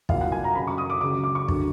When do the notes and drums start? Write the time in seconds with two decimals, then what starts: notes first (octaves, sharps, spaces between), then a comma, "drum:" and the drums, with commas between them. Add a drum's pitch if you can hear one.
0.09 C2 A#2 F#3 F5, drum: kick
0.21 F#5
0.32 G#5
0.44 A#5
0.55 F#2 C#3 F#3 B5
0.67 C#6
0.78 D#6
0.90 D6
1.01 C#2 C#3 F#3 D6
1.24 D6
1.35 C#6
1.48 D3 F#3, drum: kick